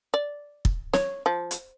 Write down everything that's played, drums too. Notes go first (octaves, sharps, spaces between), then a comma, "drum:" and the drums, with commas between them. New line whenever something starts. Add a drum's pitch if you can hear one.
D5
drum: kick
C#5, drum: snare
F3
drum: hi-hat